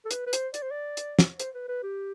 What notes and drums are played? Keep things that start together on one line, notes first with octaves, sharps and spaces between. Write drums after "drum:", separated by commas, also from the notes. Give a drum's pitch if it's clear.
A4
B4, drum: hi-hat
B4
C5, drum: hi-hat
D5, drum: hi-hat
C5
D5
drum: hi-hat
drum: snare
C5, drum: hi-hat
B4
B4
G4